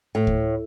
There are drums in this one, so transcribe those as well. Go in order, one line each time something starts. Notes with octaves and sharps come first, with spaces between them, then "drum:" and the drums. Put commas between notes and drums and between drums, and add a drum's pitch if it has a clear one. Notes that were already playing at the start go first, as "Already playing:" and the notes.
A2
drum: kick D2